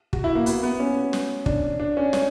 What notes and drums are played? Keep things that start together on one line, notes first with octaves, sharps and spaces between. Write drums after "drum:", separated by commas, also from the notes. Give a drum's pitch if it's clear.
F#4, drum: kick
E4
A#3
B3, drum: hi-hat
B3
C#4
drum: snare
D4, drum: kick
D4
C#4
C#4, drum: snare